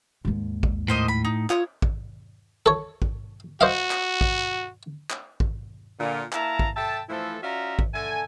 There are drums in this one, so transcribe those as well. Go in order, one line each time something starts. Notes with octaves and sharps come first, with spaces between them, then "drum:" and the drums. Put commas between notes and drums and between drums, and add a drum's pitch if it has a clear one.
D#2 G#2
drum: kick
A2 A#3 C5 D#5
B5
D#4
F4 C#5 D#6, drum: clap
drum: kick
A4 C#5
drum: kick
F#4 C5 D#5 F5
drum: clap
drum: kick
drum: clap
drum: kick
A#2 D3 F4
A#3 E4 F5 A5 A#5, drum: clap
drum: kick
A4 E5 G5 A5
E3 F3 A3 E4 A4 C5
C#4 F4 F#4 D5 E5 A#5
drum: kick
D3 A3 A4 G#5